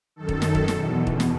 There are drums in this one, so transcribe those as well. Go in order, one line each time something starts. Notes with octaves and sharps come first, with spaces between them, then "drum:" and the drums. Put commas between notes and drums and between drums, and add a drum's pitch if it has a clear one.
F#2 D#3 A4
drum: kick
drum: snare
drum: kick
E2 B2, drum: snare
drum: kick
drum: snare